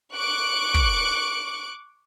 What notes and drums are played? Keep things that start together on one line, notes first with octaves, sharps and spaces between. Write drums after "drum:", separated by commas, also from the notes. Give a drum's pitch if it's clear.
C#6 D6 F#6 D7
drum: kick